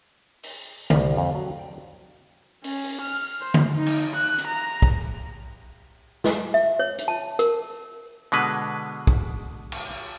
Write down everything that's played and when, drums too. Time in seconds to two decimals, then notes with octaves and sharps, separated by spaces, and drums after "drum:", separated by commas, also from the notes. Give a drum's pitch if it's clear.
0.43 drum: open hi-hat
0.90 C2, drum: tom D3
1.17 F2
1.35 F#3
1.59 G5
2.64 C#4, drum: open hi-hat
2.84 drum: open hi-hat
3.02 F6
3.41 C5
3.54 drum: tom D3
3.75 D#4
3.86 drum: cymbal
4.16 F#6
4.38 drum: hi-hat
4.48 A#5
4.82 drum: kick
6.24 drum: snare
6.54 E5
6.79 C#5
6.99 drum: hi-hat
7.08 A5
7.39 A#4, drum: hi-hat
8.32 B2 D3 G#3 B4
9.07 drum: kick
9.72 drum: cymbal